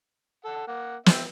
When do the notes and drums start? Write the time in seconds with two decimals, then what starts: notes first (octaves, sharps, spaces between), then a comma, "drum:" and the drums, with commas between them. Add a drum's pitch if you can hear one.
0.45 A4 F#5
0.68 A#3 F#5
1.06 C4 E5, drum: snare